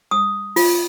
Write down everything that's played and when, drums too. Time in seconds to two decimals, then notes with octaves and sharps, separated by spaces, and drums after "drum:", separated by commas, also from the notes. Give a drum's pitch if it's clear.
0.11 D#6
0.56 F4, drum: open hi-hat